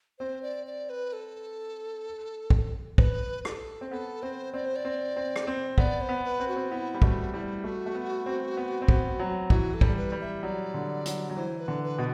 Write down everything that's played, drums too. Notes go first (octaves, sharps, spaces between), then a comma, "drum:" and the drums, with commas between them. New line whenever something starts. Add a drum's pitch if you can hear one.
C4 C5
D5
D5
B4
A4
drum: kick
B4, drum: kick
A4, drum: rim click
C4
B3 A4
C4 C5
C4 D5
C5
D5
C4
C4
drum: rim click
C4
B3 D5, drum: kick
C5
B3
B4
C4
F#4
C4
B3 E4
G3
A3 F#4, drum: kick
G3 E4
A3 F#4
A3
B3
C4
B3
C4
B3, drum: kick
F#3
E3 F#4, drum: kick
A4
G3, drum: kick
B4
G3
E5
F#3 D5
D3
F#3, drum: hi-hat
F#3
E3 C5
B4
D3
B4
B2